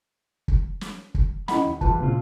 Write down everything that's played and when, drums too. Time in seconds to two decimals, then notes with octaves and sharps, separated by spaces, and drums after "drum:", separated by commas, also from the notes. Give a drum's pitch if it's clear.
0.48 drum: kick
0.81 drum: snare
1.14 drum: kick
1.48 C#4 E4 A#4 D#5 F#5 B5, drum: snare
1.65 D#2
1.81 E2 G3 F4 B4 A5, drum: kick
1.99 C#2 A#2 C#3 C4 F4